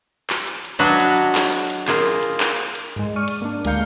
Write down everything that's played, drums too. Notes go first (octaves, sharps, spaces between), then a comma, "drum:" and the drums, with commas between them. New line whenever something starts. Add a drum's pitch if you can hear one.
drum: clap
drum: hi-hat
drum: hi-hat
F#3 D4 F#4 B4 C#5 D#5
drum: hi-hat
drum: hi-hat
drum: clap
drum: hi-hat
drum: hi-hat
A#3 F4 G#4, drum: clap
drum: hi-hat
drum: clap
drum: hi-hat
G#2 G#3
D5 C#6 F6 D#7
drum: hi-hat
A#3 D4
D2 G#3 A#3 F5 G6 C#7, drum: hi-hat